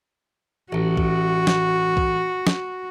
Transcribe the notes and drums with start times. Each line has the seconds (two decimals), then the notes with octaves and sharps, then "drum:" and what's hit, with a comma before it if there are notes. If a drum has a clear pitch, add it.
0.72 A1 F#4
0.97 drum: kick B1
1.47 drum: snare
1.97 drum: kick B1
2.47 drum: snare